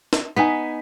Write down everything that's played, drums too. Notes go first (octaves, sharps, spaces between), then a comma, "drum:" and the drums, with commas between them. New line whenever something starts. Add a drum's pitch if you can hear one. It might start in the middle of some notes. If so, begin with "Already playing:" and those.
drum: snare
B3 D#4 G#5 B6